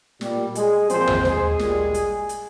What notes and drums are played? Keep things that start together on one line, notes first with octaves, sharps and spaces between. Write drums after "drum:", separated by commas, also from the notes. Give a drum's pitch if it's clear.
A#2 G3, drum: snare
G#3 G#4, drum: hi-hat
A#2 F3 C4 C5, drum: hi-hat
drum: tom
G#3 G#4, drum: snare
A#2 G3, drum: snare
drum: hi-hat
drum: hi-hat